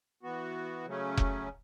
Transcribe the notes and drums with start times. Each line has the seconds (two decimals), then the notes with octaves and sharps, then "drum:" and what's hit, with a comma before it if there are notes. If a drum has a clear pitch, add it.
0.23 E3 B3 F#4
0.86 C#3 F#3 A3 C#4
1.17 drum: kick F1